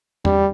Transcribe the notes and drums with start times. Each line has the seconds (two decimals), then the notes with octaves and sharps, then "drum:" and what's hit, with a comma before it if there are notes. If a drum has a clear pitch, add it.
0.25 G3, drum: tom E2